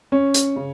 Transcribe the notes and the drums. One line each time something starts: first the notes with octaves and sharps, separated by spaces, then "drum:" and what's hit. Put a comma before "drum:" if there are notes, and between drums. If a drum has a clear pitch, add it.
C#4
drum: hi-hat
C#3